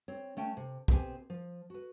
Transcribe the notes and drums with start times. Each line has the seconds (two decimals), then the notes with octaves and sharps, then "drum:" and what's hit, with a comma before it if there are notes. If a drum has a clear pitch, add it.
0.08 C4 C#5
0.37 A3 C#4 G5 A5
0.57 C3
0.88 B2 C4 G4 G#5, drum: kick A#1
1.30 F3
1.70 F#4 B4